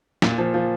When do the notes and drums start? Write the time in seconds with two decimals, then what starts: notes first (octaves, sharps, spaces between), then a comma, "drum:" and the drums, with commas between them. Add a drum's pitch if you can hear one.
0.22 A#2, drum: snare
0.38 F3
0.54 F3